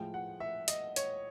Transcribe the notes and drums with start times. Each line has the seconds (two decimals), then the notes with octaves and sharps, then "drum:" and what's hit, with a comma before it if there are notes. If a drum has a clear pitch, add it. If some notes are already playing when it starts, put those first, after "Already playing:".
Already playing: A2 F3 G#3 G5
0.14 F#5
0.40 E5
0.68 D#5, drum: hi-hat
0.96 C#5, drum: hi-hat